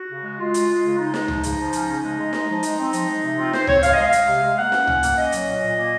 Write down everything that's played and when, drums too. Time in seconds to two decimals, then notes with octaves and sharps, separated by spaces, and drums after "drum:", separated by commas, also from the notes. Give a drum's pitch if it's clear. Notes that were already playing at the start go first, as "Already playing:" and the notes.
Already playing: F#4
0.09 C#3
0.24 G#3
0.38 G#3 F4
0.54 G#3, drum: hi-hat
0.69 G#3
0.84 C#3
0.98 G#3 D#4
1.14 G#3, drum: snare
1.28 F3, drum: tom
1.43 C#3, drum: hi-hat
1.58 F3
1.73 C#4, drum: hi-hat
1.89 C#3
2.04 G#3
2.19 G#3
2.33 G#3, drum: snare
2.49 F3
2.63 G#3, drum: hi-hat
2.78 C4
2.93 F3, drum: hi-hat
3.07 G#3
3.23 C3
3.38 C4 F4
3.53 C4 C5, drum: snare
3.67 C4 C#5, drum: tom
3.83 C3 F5, drum: hi-hat
3.93 D#5
3.98 G#3 F5
4.12 G#3, drum: hi-hat
4.27 C3
4.42 G#3
4.57 A#3 F#5
4.72 C#4, drum: snare
4.87 A#2, drum: tom
5.03 A#3, drum: hi-hat
5.17 C#4 D#5
5.32 F#3, drum: hi-hat
5.47 A#2
5.62 A#2
5.76 A#3